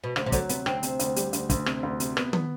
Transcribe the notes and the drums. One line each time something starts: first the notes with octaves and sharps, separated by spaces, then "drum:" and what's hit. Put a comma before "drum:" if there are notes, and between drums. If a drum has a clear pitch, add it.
B2
D2 C3, drum: rim click
C3
D3 F#3, drum: kick, hi-hat
C3 B3, drum: hi-hat
D2 C4, drum: rim click
C3, drum: hi-hat
D2, drum: hi-hat
G3, drum: hi-hat
D2, drum: hi-hat
D2, drum: kick, hi-hat
C3, drum: rim click
D2
C3, drum: hi-hat
B3, drum: rim click
B3, drum: tom D#3